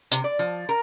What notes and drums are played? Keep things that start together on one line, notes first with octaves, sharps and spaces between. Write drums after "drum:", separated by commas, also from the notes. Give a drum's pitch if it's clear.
C3, drum: hi-hat
D5
F3
A#4